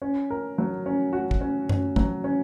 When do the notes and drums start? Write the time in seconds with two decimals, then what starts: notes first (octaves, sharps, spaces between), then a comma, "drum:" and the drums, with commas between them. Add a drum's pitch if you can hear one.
0.02 C#4
0.30 A#4
0.58 F#3
0.86 C#4
1.13 F#4
1.31 drum: kick
1.41 C#4
1.69 C#4, drum: tom F#2
1.96 F#3, drum: kick
2.24 C#4